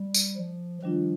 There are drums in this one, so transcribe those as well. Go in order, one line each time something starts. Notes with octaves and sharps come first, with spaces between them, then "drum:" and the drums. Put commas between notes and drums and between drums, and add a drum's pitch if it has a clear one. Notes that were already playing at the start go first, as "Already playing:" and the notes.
Already playing: G3
drum: tambourine
F3
D#3 F3 G3 D4 F4